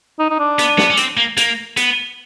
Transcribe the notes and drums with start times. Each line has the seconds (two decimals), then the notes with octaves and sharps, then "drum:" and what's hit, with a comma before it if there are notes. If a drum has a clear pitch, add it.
0.19 D#4
0.30 D#4
0.39 D4
0.59 B3, drum: hi-hat
0.78 B3, drum: snare
0.91 C#4
0.97 C4, drum: hi-hat
1.17 A#3
1.37 A#3, drum: hi-hat
1.77 B3, drum: hi-hat